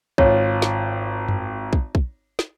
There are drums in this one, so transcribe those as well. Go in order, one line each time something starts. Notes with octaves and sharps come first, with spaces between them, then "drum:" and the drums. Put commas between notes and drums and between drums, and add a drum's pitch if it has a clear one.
G#1 F4 C#5, drum: kick
drum: snare
drum: tom F#2
drum: kick
drum: kick
drum: snare